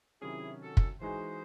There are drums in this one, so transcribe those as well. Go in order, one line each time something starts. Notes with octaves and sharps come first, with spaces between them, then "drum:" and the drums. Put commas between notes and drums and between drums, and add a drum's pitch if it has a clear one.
C3 D#3 F#3 C#4 E4 G#4
F#4 A4
drum: kick
E3 G#3 D#4 F#4 G#4 C5